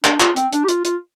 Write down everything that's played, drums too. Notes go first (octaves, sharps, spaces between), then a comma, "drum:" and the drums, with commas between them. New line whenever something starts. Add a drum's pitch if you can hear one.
D4, drum: clap
F4, drum: clap
C4, drum: hi-hat
D4, drum: hi-hat
G4
F4, drum: hi-hat
F4, drum: hi-hat